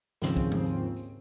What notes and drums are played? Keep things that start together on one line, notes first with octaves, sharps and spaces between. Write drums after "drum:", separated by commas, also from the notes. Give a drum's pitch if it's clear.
D#2 G#2 C#3 F3 C4, drum: snare
drum: kick, tambourine
drum: tom D#3
drum: tambourine
drum: tambourine